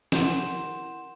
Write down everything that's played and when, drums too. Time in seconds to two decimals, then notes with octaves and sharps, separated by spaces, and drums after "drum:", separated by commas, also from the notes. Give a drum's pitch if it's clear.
0.12 E4 A#4 F#5 C6 G6 E7, drum: snare